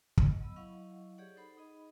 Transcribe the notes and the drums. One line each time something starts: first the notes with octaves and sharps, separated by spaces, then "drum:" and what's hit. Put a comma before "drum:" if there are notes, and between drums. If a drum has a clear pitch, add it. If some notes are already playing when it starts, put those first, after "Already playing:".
D#5, drum: kick
F#3 B3 D#5 B5 E6
F#3 E4 D#5 F5 F#5 C#6
G4 G#4 C#5 D5 F#5
D#4 A4 C5 F#5 B5
D#4 G#4 D#5 B5